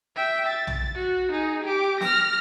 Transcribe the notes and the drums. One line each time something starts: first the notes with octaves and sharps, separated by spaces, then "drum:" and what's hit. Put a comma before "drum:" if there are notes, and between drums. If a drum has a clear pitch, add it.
E5 G5
A6
drum: tom A#1
F#4
D#4 G#4
G4 D6
F6 A#6, drum: snare